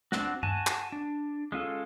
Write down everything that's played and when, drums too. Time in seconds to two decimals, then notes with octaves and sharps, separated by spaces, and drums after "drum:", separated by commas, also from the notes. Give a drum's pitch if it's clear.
0.12 C4 D4 F#4, drum: snare
0.43 F#4 G#5 A5, drum: tom G2
0.67 drum: clap
0.92 D4
1.52 G#3 C#4 F4 A4